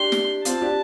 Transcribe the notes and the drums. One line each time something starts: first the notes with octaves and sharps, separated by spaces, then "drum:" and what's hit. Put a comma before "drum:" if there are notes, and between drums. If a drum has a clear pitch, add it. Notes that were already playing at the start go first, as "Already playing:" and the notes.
Already playing: D4 G4 C6
drum: snare
C4 F4 A5, drum: hi-hat
D4 G4